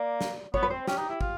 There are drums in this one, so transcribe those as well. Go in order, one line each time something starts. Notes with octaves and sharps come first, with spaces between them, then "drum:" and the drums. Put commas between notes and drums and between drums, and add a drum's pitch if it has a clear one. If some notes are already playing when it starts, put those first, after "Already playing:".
Already playing: A#3 D5
drum: snare
B3 C#5, drum: kick
B4
C4 C5
C#4 G4, drum: snare
D#4
E4
F4, drum: kick